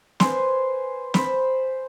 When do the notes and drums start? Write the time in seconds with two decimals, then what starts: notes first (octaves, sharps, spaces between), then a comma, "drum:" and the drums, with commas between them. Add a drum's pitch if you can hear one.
0.20 B4 C5 G#5 C6, drum: snare
1.14 C5 B5, drum: snare